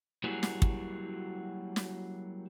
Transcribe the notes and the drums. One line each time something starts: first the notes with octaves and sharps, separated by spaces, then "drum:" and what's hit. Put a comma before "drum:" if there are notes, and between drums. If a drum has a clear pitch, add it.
F#3 G3 A#3 E4 F#4 G#4
drum: snare
drum: kick
drum: snare